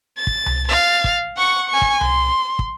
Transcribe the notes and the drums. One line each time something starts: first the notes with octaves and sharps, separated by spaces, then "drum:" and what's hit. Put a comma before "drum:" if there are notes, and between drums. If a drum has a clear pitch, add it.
A6
drum: kick
drum: tom C2
F5 A6
drum: kick
F#5 C#6
G#5 C#6
drum: kick
C6, drum: tom C2
drum: kick